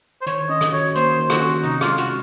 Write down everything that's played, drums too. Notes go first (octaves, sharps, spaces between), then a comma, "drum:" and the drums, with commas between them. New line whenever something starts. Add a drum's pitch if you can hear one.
C5
D#3 C#5, drum: hi-hat
C#4 D#5
drum: rim click
F#4 C#5
A#3 C5, drum: hi-hat
D#3
F#4, drum: rim click
C#4
C3 D#4, drum: hi-hat
F4, drum: rim click
G#3
F#4, drum: hi-hat